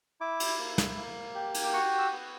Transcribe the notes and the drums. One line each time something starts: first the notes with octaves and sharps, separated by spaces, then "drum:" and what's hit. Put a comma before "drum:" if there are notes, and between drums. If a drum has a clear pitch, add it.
E4 D6
drum: cymbal
A#3
drum: snare
A#3
G4
drum: cymbal
D6
F#4 C#6
E6
B3